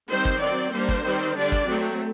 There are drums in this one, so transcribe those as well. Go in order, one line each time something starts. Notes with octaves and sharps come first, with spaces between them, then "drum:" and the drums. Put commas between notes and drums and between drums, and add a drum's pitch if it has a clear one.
D#3 G3 C4 C5
drum: kick
F#3 C4 D5
G3 A#3 D4 C5
drum: kick
D#3 G3 C4
D3 G3 D4 D5
drum: kick
F#3 A3 C4